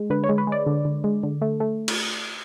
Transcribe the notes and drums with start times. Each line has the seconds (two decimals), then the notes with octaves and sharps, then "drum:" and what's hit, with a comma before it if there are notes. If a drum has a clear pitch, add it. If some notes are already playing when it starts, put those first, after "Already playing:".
Already playing: G#3
0.10 D3 B4
0.24 C#5
0.29 G#3
0.38 B4
0.47 G#3 D5
0.67 D3
0.85 D3
1.04 G#3
1.23 D3
1.42 A3
1.60 A3
1.88 drum: cymbal